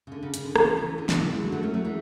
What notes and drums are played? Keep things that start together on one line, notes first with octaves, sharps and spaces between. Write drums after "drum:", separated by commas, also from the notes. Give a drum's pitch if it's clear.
C#3
D3
C#3
C#3, drum: hi-hat
D3
C#3 E3, drum: rim click
C#3 E3
D3
C#3, drum: snare
C#3 E3
E3 G#3
D3 F#3
F#3 A3
A3 C#4
F#3 A3
E3 G#3